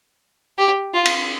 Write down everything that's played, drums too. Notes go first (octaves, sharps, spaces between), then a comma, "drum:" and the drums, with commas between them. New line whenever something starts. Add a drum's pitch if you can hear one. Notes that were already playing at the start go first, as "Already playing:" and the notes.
G4
F4
drum: cymbal